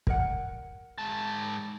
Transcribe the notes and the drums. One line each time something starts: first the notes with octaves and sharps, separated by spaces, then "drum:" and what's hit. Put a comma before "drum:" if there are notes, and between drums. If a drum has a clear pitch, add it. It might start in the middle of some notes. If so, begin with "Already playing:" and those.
A#4 F#5, drum: kick
G#2 A5